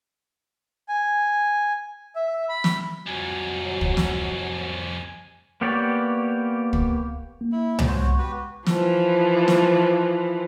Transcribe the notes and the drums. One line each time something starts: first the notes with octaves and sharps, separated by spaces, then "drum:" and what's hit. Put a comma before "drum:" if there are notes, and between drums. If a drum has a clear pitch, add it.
G#5
E5
B5
drum: snare
C2 F2 F#3 G#5
drum: kick
drum: snare
A#3 B3 G4 C#5 D5
drum: kick
A#3
E4
drum: tom C2
G#3 B3 F#4 C5 C#5
F#4 G4 B4
E3 F3, drum: snare
drum: snare